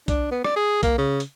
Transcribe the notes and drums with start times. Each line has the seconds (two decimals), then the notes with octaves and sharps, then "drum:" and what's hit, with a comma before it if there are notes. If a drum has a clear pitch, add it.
0.08 D4, drum: kick C2, hi-hat
0.31 B3
0.44 D5, drum: rim click
0.56 G#4
0.83 A#3, drum: kick C2, hi-hat
0.98 C#3
1.20 drum: hi-hat